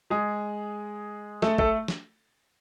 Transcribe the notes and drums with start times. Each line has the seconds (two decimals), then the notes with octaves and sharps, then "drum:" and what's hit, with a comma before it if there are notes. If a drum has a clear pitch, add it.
0.10 G#3 G#4
1.42 A3 A4, drum: snare
1.58 A3 A4, drum: kick
1.88 drum: snare